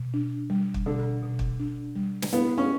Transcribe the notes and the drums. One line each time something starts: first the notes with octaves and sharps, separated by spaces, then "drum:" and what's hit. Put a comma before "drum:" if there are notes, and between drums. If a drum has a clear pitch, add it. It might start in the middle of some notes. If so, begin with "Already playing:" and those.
Already playing: B2
D4
G3
drum: kick
B2 D3
B2
drum: kick
D4
G3
drum: snare
B3 E4
C#4